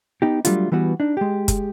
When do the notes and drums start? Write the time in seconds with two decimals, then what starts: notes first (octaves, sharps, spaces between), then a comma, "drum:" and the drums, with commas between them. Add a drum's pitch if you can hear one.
0.22 B3 D#4 G4
0.45 F#3 G3 A3 D4 F4, drum: hi-hat
0.72 E3 G3 B3 F#4 B4
1.00 D4 D#4
1.17 G#3 G4
1.48 drum: kick F#1, hi-hat